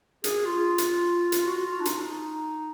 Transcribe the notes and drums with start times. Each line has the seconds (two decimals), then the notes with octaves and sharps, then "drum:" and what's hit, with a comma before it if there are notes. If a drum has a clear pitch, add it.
0.24 G#4, drum: hi-hat
0.45 F4
0.78 drum: hi-hat
1.32 drum: hi-hat
1.46 F#4
1.65 F4
1.80 D4
1.85 D#4, drum: hi-hat
2.06 D#4